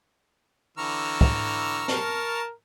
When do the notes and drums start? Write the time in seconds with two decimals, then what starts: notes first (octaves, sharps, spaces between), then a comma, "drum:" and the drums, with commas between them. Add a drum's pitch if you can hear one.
0.78 D3 E3 A#5 C#6 E6 F6
1.21 drum: kick
1.88 A#4 A5, drum: snare